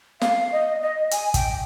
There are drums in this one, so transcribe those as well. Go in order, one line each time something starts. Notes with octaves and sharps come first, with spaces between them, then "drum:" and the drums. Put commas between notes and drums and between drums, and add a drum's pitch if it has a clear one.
F5, drum: snare
D#5
D#5
G#5, drum: hi-hat
G5, drum: kick, hi-hat